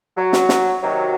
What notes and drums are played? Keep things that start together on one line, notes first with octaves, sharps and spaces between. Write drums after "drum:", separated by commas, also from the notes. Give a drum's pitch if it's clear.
F#3
drum: snare
drum: snare
C3 D#3 F#3